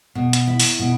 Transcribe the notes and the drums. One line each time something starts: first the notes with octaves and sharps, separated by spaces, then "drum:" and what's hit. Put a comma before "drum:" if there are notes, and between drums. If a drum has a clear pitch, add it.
B2
drum: hi-hat
E4
drum: open hi-hat
B2